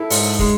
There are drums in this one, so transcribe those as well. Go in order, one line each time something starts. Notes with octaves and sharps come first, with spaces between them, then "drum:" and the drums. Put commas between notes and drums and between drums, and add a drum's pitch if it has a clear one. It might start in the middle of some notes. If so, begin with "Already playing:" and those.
Already playing: E4 A4
G#2, drum: open hi-hat
G#3, drum: kick